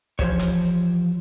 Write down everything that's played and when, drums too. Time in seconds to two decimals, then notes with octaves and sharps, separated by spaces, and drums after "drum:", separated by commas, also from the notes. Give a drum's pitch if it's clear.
0.19 E3 F3 G4 C5 C#5, drum: kick
0.39 drum: hi-hat